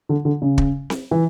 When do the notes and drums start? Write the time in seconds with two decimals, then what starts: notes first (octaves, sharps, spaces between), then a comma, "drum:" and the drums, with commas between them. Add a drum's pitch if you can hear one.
0.09 D3
0.25 D3
0.42 C#3
0.58 drum: kick
0.90 drum: snare C4
1.11 E3